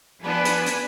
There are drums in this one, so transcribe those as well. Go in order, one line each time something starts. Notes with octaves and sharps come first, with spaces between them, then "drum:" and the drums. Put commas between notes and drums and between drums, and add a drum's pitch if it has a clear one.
F3 B3 D4 B4 G#5
drum: hi-hat
drum: hi-hat